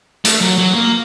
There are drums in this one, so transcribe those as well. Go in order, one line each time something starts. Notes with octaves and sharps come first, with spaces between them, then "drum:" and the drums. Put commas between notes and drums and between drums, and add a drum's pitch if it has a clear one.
A3, drum: hi-hat
F#3
F#3
A#3